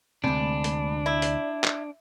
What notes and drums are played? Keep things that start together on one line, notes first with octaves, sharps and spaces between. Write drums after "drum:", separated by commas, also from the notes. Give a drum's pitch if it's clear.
D2 C3 G#3 A3 D4 B5
drum: hi-hat
E4 D5
drum: hi-hat
drum: clap